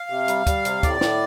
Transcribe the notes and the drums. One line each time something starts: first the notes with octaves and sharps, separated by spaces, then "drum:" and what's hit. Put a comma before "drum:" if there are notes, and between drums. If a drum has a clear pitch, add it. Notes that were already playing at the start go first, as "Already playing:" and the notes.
Already playing: F5
C3
G3, drum: hi-hat
G3, drum: kick, hi-hat
C3, drum: hi-hat
A2 D5, drum: kick, hi-hat
A2, drum: snare